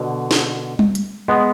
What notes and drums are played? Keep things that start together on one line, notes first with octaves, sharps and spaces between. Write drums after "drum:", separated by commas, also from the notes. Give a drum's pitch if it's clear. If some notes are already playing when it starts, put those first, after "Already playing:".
Already playing: B2 D3
drum: snare
drum: tom G3
drum: hi-hat
G#3 B3